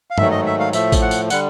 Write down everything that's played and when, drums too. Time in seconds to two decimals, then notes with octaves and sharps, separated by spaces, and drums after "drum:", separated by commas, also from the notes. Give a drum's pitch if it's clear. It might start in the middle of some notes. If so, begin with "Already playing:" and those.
0.10 F5
0.18 G#2 D#3 F#3 A3 E5, drum: tom G2
0.31 D#5
0.46 E5
0.60 F5
0.73 A2 F3 A3 E5, drum: tambourine
0.92 drum: kick A1, tambourine
1.02 F#5
1.11 drum: tambourine
1.30 D3 G3 F#5, drum: tambourine